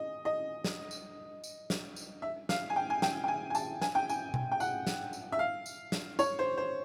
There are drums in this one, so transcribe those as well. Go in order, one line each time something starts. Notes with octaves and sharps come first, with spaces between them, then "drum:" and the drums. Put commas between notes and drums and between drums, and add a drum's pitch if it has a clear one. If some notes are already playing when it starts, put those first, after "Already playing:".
Already playing: D#5
D#5
drum: snare
drum: tambourine
drum: tambourine
drum: snare
drum: tambourine
E5
F5, drum: snare
G#5
G5
G#5
G5, drum: snare
G5
G#5
G#5
A5, drum: tambourine
G#5, drum: snare
G5
G#5, drum: tambourine
drum: tom B2
G5
F#5, drum: tambourine
drum: snare
drum: tambourine
E5
F5
drum: tambourine
drum: snare
C#5, drum: tambourine
C5
C5